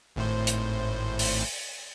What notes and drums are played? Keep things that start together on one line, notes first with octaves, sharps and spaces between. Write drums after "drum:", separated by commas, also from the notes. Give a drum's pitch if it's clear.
G#1 A2 C5
drum: hi-hat
drum: open hi-hat